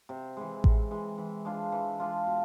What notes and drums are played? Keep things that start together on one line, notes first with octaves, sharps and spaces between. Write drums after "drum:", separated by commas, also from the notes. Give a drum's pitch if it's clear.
C3
E3 G#3
C3, drum: kick A1
E3 G#3
E3
G#3 D4 F4
E3
G#3 D4 F4
B2